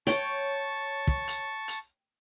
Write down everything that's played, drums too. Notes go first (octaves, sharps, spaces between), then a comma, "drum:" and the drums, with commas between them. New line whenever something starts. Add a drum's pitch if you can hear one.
C#5 G5 A5 C#6, drum: hi-hat
drum: kick
drum: hi-hat
drum: hi-hat